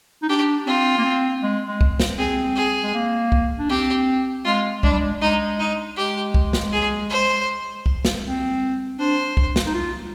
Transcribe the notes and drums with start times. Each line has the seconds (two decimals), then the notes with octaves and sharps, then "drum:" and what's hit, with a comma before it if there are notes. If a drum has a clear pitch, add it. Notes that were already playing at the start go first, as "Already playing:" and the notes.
0.22 D#4
0.29 D4 G4
0.67 C4 F4
0.97 A#3
1.05 C4
1.43 G#3
1.68 G#3
1.81 drum: kick C2
2.00 drum: snare
2.18 C4 G#4
2.56 G#4
2.83 G#3
2.94 A#3
3.32 drum: kick C2
3.59 D4
3.69 C4 G4
4.45 G#3 F4
4.83 G#3 D4, drum: kick C2
4.91 G3
4.98 G#3
5.21 G#3 D#4
5.59 D#4
5.97 G#3 G4
6.34 drum: kick C2
6.53 drum: snare
6.73 G#4
7.10 C5
7.86 drum: kick C2
8.05 drum: snare
8.24 C4
8.99 D4 C5
9.37 drum: kick C2
9.56 drum: snare
9.66 D#4
9.74 F4